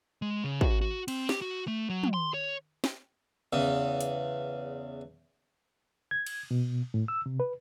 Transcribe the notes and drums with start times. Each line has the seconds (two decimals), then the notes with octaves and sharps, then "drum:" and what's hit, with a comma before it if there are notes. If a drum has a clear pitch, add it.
0.22 G#3
0.44 C#3
0.61 F#4, drum: kick
0.81 F#4
1.08 C4, drum: cymbal
1.29 G4, drum: snare
1.42 F#4
1.68 A3
1.89 F#3
2.03 drum: tom
2.14 C6
2.34 C#5
2.84 drum: snare
3.53 E2 C#3
4.01 drum: hi-hat
6.11 G#6
6.26 drum: cymbal
6.51 B2
6.94 A2
7.08 E6
7.26 C3
7.40 B4